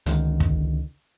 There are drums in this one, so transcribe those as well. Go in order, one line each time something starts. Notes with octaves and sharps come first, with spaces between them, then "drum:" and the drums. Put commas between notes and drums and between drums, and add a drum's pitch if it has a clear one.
C#2 D3 D#3, drum: hi-hat
drum: kick